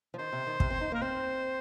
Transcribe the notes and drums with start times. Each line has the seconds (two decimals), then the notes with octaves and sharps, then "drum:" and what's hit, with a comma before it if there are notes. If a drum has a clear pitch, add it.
0.14 F3
0.18 D#3 C5
0.32 C3
0.47 D#3
0.60 C3, drum: kick
0.70 C4
0.81 D#4
0.92 A#3 A#4
1.02 C4 C5